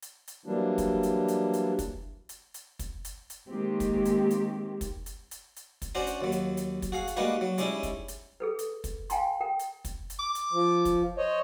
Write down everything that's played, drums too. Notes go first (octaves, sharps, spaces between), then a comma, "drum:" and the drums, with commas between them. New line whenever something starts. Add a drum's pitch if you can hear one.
drum: hi-hat
drum: hi-hat
E3 F#3 G3 A#3 D4
drum: kick, hi-hat
drum: hi-hat
drum: hi-hat
drum: hi-hat
drum: kick, hi-hat
drum: hi-hat
drum: hi-hat
drum: kick, hi-hat
drum: hi-hat
drum: hi-hat
D#3 G#3 A#3 C4 G4
drum: kick, hi-hat
drum: hi-hat
drum: hi-hat
drum: kick, hi-hat
drum: hi-hat
drum: hi-hat
drum: hi-hat
drum: kick, hi-hat
C#4 D4 F#4 C5 A#5
drum: hi-hat
D#2 F#3
drum: hi-hat
drum: hi-hat
drum: kick, hi-hat
F#4 G#4 F5
drum: hi-hat
G3 G#3 A#3 D#4 F#4 B4
F#3
G3 G#3 C#4 D#4 E4, drum: hi-hat
drum: kick, hi-hat
drum: hi-hat
G#4 A4 B4
drum: hi-hat
drum: kick, hi-hat
F5 G5 G#5 A#5 C6, drum: hi-hat
A#4 G5
drum: hi-hat
drum: kick, hi-hat
drum: hi-hat
D6
drum: hi-hat
F3
drum: kick, hi-hat
C5 C#5 D#5